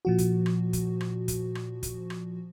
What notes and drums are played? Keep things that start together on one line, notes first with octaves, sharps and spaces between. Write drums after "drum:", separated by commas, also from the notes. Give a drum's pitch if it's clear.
A#2 F3 F#4
drum: kick, hi-hat
drum: rim click
drum: kick, hi-hat
drum: rim click
drum: kick, hi-hat
drum: rim click
drum: kick, hi-hat
drum: rim click